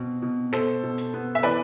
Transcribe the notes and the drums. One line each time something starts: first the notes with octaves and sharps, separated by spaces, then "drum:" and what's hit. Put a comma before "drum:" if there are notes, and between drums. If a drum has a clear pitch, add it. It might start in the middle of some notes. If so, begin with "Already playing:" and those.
Already playing: B2 C4
B2
B2 A4 C5, drum: snare
B2
drum: hi-hat
B3
E5
E3 B4 D5, drum: hi-hat